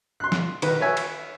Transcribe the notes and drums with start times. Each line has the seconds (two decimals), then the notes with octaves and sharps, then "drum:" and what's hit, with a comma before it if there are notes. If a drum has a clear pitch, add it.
0.20 C6 F#6
0.32 drum: snare
0.62 D#3 B4, drum: cymbal
0.81 B4 C#5 E5 G#5
0.97 drum: cymbal